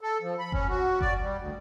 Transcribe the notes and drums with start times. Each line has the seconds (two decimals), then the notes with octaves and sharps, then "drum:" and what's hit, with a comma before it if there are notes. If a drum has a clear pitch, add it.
0.01 A4
0.22 F3
0.39 B5
0.52 C#4, drum: kick F#1
0.68 F#4
1.01 D5, drum: kick F#1
1.21 G3
1.39 D2